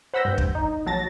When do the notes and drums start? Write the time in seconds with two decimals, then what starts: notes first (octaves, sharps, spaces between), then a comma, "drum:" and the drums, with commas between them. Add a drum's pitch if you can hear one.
0.14 C5 F#5 B5 E6 G6 A#6
0.25 G2 G6
0.38 drum: kick
0.55 D#4
0.86 A#1 F#3 A5 A6 A#6